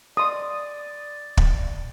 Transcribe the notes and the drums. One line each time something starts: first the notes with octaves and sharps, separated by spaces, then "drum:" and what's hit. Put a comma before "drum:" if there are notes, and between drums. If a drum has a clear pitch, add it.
D5 C6 D#6
drum: kick